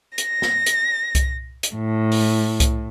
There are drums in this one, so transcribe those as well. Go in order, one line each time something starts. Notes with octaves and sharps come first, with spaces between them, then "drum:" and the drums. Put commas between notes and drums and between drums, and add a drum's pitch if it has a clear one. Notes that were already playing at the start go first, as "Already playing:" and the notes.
A#6, drum: hi-hat
drum: snare
drum: hi-hat
drum: kick C2, hi-hat
drum: hi-hat
A2
drum: open hi-hat
drum: kick C2, hi-hat